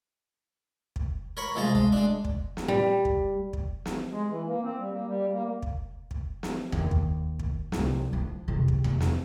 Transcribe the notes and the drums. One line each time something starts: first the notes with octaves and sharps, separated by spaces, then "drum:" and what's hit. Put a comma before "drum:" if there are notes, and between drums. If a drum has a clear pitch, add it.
drum: kick
A#4 C#5 B5 C#6
C2 F3 G#3 G#4 A5 A#5
G#3, drum: kick
G#3 D4
drum: kick
drum: snare
G3
drum: kick
drum: kick
drum: snare
G#3
E3
A#3
C4
G3
A#3
G3
A#3
drum: kick
drum: kick
drum: snare
D#2, drum: tom E2
drum: kick
drum: kick
C2, drum: snare
F3
E2 C3
drum: kick
drum: tom E2
drum: snare